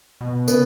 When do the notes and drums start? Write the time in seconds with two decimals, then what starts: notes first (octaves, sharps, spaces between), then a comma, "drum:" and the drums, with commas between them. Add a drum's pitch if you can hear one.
0.21 B2
0.48 C#3 B3, drum: tambourine